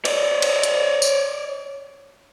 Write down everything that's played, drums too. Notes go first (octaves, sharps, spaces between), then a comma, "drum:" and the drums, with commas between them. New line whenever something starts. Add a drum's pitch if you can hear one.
C#5 D5, drum: cymbal
drum: cymbal
drum: hi-hat
drum: tambourine